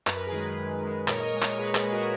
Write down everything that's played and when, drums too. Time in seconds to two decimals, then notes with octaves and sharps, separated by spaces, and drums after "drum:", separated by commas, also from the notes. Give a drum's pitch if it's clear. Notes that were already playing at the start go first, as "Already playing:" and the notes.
0.07 F#2 B4, drum: clap
0.17 A#4
0.27 G#4 B4
0.32 D#3 G#3
0.58 F#2
0.83 D#3 G#3
1.08 A#2 A#4 C#5, drum: clap
1.20 D#5
1.25 A#4 C#5
1.34 G#3
1.42 A#4 C#5, drum: clap
1.58 A#2 G#4 B4
1.75 G#4 B4, drum: clap
1.84 G#3
1.92 F#4 A#4